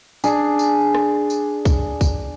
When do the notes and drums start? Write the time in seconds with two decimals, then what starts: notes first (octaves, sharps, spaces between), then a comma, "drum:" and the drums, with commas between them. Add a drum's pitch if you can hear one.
0.24 D4 G#4, drum: tambourine
0.59 drum: tambourine
0.95 drum: rim click
1.30 drum: tambourine
1.65 drum: kick B1, tambourine
2.01 drum: kick B1, tambourine